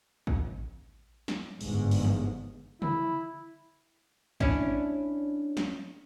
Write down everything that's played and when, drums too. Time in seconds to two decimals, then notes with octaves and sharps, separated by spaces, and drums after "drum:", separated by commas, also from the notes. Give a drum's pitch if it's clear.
0.27 drum: kick A1
1.28 drum: snare
1.61 G1 G#2, drum: open hi-hat
1.91 drum: open hi-hat
2.05 drum: tom
2.82 E4, drum: tom
4.40 C#4 D4 E4, drum: kick A1
5.57 drum: snare